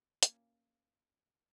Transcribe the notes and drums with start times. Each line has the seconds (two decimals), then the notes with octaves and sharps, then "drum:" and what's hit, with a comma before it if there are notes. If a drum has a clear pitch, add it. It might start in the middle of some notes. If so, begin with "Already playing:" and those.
0.23 A#3 C#4 F4, drum: hi-hat